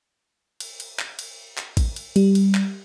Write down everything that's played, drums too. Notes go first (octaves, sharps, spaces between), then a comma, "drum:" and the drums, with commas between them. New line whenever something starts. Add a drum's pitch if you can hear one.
drum: cymbal
drum: cymbal
drum: clap
drum: cymbal
drum: clap
drum: kick, cymbal
drum: cymbal
G3, drum: cymbal
drum: cymbal
drum: clap